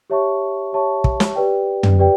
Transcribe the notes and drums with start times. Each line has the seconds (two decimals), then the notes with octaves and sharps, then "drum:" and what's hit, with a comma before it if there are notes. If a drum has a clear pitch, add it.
0.10 G4 C#5 E5 A5 C#6
0.73 G4 C#5 E5 A5 C#6
1.04 drum: kick
1.20 drum: snare
1.35 G4 B4 D5 G5
1.83 drum: tom
1.99 G4 B4 D5 G5